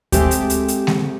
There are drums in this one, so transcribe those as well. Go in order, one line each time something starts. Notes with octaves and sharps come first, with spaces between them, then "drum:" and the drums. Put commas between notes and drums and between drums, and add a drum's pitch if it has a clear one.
G#3 A3 C4 G4, drum: kick D2, hi-hat
drum: hi-hat
drum: hi-hat
drum: hi-hat
drum: snare G#3